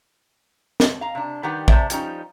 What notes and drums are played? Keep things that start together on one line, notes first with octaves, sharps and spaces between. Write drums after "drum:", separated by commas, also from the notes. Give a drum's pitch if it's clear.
drum: snare
F5 A#5
C3 D4
D#3 G3 G4 B4 F#5
C3 C5 D5 E5 A5, drum: kick
F3 G3 C#4 D#4, drum: hi-hat